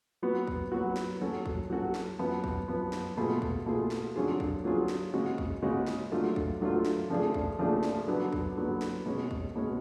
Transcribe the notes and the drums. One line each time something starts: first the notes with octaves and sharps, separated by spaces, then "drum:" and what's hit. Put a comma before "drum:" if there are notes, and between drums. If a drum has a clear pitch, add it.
F#3 B3 F#4
drum: kick
F#3 B3 F#4
drum: snare
F#3 C#4 F#4 A4
drum: kick
F#3 C#4 F#4 A4
drum: snare
F#2 F3 B3
drum: kick
F#2 F3 B3
drum: snare
B2 A3 F4 G#4
drum: kick
B2 A3 F4 G#4
drum: snare
D3 F#3 C#4 F4 G#4
drum: kick
D3 F#3 C#4 F4 G#4
drum: snare
C#3 G#3 C#4 F#4
drum: kick
C#3 G#3 C#4 F#4
drum: snare
D3 F#3 A3 F4
drum: kick
D3 F#3 A3 F4
drum: snare
C#3 F3 A3 D4 G#4
drum: kick
C#3 F3 A3 D4 G#4
drum: snare
D3 F#3 B3
drum: kick
D3 F#3 B3
drum: snare
B2 G#3 C#4
drum: kick
B2 G#3 C#4